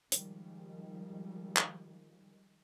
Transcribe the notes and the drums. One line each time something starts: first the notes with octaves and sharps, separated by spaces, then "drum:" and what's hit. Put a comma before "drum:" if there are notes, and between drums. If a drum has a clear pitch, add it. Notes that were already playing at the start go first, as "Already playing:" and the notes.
D#3 F3 G3 G#3, drum: hi-hat
drum: clap